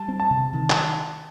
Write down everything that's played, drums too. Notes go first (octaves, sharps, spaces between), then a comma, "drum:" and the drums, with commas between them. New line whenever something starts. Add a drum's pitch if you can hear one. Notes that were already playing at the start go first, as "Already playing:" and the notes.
Already playing: G3 A5
C4
A5
C3
D#3
drum: clap